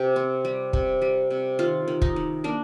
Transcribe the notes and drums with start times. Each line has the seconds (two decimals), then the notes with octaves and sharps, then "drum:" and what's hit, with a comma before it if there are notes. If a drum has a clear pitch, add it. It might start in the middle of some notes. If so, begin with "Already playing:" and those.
Already playing: C3 G4
0.16 C4
0.45 G3
0.73 C3, drum: kick
1.02 G3
1.30 C3
1.59 D#3 F4
1.88 D#3
2.02 D#4, drum: kick
2.16 D#3
2.44 A#3 D4